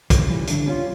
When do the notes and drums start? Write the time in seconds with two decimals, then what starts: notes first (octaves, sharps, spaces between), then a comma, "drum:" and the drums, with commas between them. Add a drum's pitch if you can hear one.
0.10 C#3, drum: kick, hi-hat
0.29 E3 G3
0.47 D3, drum: hi-hat
0.66 G3 C#4 F4